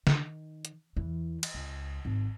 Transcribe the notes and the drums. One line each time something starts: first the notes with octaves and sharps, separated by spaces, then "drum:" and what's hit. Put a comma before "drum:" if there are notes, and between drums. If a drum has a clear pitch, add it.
D#3, drum: snare
drum: hi-hat
E2 E3
drum: cymbal
C#2
G#1